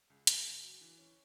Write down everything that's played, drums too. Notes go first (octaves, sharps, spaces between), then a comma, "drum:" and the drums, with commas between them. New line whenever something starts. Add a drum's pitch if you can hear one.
C#2
C#2, drum: hi-hat
C#2
F#3
E3
C#4